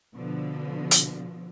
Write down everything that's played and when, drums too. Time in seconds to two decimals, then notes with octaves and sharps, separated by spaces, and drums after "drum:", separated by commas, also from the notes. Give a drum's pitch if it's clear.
0.14 B2 D3 F3
0.91 drum: hi-hat